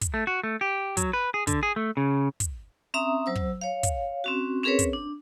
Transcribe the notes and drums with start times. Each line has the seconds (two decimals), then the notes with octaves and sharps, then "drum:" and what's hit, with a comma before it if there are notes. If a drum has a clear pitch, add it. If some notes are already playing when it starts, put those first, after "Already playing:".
0.01 drum: kick, hi-hat
0.14 A3
0.27 F#4
0.43 A3
0.61 G4
0.97 F#3, drum: kick, hi-hat
1.13 B4
1.34 G#4
1.47 D3, drum: kick, hi-hat
1.63 G#4
1.76 A3
1.97 C#3
2.40 drum: kick, hi-hat
2.94 C4 C#4 E5 A#5 D#6
3.26 F#3 C5 E6
3.35 drum: kick
3.61 C#5 F5
3.83 drum: kick, hi-hat
4.24 C4 C#4 F#4
4.63 C4 C#4 G#4 A#4 B4 C#5
4.79 drum: kick, hi-hat
4.93 D4